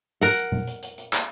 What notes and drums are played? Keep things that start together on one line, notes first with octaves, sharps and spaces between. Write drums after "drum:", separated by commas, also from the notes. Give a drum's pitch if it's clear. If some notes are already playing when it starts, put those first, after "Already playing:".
A#4 F#5, drum: hi-hat
drum: hi-hat
drum: tom A#2
drum: hi-hat
drum: hi-hat
drum: hi-hat
drum: clap